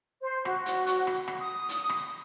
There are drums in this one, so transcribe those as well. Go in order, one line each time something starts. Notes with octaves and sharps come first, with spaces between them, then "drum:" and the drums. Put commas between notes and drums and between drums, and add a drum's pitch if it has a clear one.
C5
F#4, drum: rim click
drum: hi-hat
drum: hi-hat
drum: rim click
drum: rim click
D#6
drum: hi-hat
drum: rim click